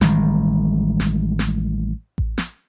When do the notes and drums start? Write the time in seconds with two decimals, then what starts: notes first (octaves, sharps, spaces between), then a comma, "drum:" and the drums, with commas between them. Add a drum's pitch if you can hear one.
0.01 A1 D#3 G3 G#3, drum: snare
1.00 drum: snare
1.39 drum: snare
2.18 drum: kick A1
2.38 drum: snare